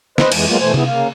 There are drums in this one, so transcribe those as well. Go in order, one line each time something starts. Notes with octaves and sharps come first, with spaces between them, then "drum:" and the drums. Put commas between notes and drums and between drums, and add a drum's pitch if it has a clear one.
B4 C5 D#5, drum: snare
F2 E3 G#3, drum: cymbal
F#3 G#3 A#3 B3 F4
B2 E3 A3 C5 G#5
B3 E4 G#4, drum: tom C3
C#3 A#3 F5